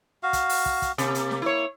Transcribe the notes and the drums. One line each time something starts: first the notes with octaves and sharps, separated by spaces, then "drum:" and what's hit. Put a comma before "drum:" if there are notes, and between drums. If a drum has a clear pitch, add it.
F#4 F5
drum: kick, hi-hat
drum: open hi-hat
drum: kick
drum: kick, hi-hat
C3 A#3, drum: hi-hat
drum: hi-hat
drum: snare
E4 C#5